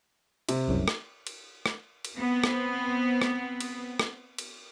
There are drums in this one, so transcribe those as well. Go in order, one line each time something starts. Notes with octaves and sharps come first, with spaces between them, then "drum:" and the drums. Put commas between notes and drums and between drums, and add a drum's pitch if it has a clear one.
C3, drum: cymbal
E1 C2 F#2
drum: rim click
drum: cymbal
drum: rim click
drum: cymbal
B3 C4
drum: rim click
drum: rim click
drum: cymbal
drum: rim click
drum: cymbal